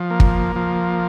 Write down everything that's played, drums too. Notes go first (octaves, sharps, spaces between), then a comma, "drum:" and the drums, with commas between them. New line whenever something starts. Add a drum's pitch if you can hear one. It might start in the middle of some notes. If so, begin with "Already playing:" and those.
Already playing: F3
A#3
drum: kick
F3